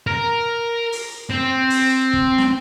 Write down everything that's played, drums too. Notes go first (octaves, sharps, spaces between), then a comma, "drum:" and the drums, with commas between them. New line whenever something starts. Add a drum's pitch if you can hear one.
A#4
drum: open hi-hat
C4
drum: open hi-hat
drum: kick
drum: snare